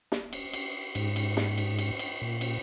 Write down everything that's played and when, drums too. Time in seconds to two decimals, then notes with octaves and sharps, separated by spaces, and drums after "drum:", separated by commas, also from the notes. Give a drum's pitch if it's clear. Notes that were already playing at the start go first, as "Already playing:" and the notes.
0.12 drum: snare
0.33 drum: cymbal
0.53 drum: cymbal
0.95 G#2, drum: cymbal
1.16 drum: cymbal
1.37 drum: snare
1.58 drum: cymbal
1.79 drum: cymbal
1.99 drum: cymbal
2.21 A#2
2.41 drum: cymbal